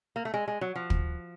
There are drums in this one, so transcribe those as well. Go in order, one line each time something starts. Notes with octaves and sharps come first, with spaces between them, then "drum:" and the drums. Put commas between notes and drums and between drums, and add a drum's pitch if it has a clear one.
A#3
A3
G#3
G#3
F#3
F3
drum: kick